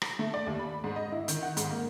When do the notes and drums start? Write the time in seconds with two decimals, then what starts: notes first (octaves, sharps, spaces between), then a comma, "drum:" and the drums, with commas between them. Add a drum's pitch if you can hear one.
0.02 drum: rim click
0.19 A3
0.34 D5
0.47 D#2
0.59 B5
0.84 G#2
0.96 D#5
1.12 E4
1.28 D#3, drum: hi-hat
1.43 F#5
1.57 G#2, drum: hi-hat
1.71 A#3